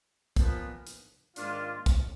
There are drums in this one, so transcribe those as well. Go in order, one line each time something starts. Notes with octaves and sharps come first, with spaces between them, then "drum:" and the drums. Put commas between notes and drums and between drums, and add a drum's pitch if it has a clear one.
A#2 F3 B3, drum: kick, hi-hat
drum: hi-hat
G#2 D#3 A#3 D4 F4, drum: hi-hat
drum: kick, hi-hat